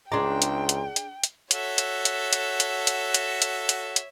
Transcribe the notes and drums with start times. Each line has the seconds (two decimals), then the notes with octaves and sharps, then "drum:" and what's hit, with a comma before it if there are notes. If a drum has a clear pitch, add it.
0.12 C#2 D4 G#4 D5 G5 A#5 C6
0.42 drum: hi-hat
0.69 drum: hi-hat
0.96 drum: hi-hat
1.24 drum: hi-hat
1.51 F#4 A4 C#5 E5, drum: hi-hat
1.78 drum: hi-hat
2.05 drum: hi-hat
2.33 drum: hi-hat
2.60 drum: hi-hat
2.87 drum: hi-hat
3.14 drum: hi-hat
3.42 drum: hi-hat
3.69 drum: hi-hat
3.96 drum: hi-hat